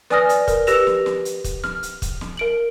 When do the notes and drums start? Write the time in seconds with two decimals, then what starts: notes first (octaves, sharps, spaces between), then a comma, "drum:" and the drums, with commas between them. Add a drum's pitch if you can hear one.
0.10 B4 D5 G#5 D#6 F6 A#6, drum: snare
0.29 drum: hi-hat
0.48 A#4, drum: kick, hi-hat
0.67 G4 B4 E6 A#6 E7 F7, drum: hi-hat
0.87 drum: snare
1.06 drum: snare
1.25 drum: hi-hat
1.44 drum: kick, hi-hat
1.64 F6, drum: snare
1.83 drum: hi-hat
2.02 drum: kick, hi-hat
2.21 drum: snare
2.37 A#4 D7 F#7